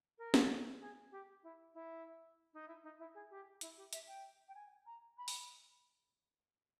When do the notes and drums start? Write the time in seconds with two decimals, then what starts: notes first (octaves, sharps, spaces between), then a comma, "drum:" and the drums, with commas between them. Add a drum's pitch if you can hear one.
0.18 A#4
0.34 drum: snare
0.81 G#4
1.12 G4
1.43 E4
1.74 E4
2.54 D#4
2.68 E4
2.83 D#4
2.99 E4
3.14 G#4
3.30 G4
3.61 E4, drum: hi-hat
3.77 G4
3.93 E5, drum: hi-hat
4.08 G5
4.49 G5
4.55 G#5
4.86 A#5
5.18 B5
5.28 drum: open hi-hat